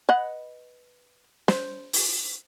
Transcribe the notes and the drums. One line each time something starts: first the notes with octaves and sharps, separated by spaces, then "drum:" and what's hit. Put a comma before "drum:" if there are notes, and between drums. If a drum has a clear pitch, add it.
B4 D#5 F#5
C5, drum: snare
drum: open hi-hat